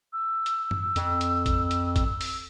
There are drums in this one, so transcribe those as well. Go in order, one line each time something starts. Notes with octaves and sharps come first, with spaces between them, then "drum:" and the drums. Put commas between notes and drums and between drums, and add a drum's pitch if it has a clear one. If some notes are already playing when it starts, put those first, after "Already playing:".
E6
drum: hi-hat
drum: tom
F2, drum: hi-hat
drum: hi-hat
drum: kick, hi-hat
drum: hi-hat
drum: kick, hi-hat
drum: open hi-hat